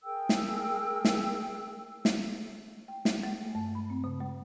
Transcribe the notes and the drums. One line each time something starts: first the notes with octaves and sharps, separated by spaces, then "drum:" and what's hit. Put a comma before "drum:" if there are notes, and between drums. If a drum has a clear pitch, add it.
G#4 A#4 G5 E6
drum: snare
drum: snare
drum: snare
G5
E5, drum: snare
G#3
A3
G2
B5
C4
C#3
G#3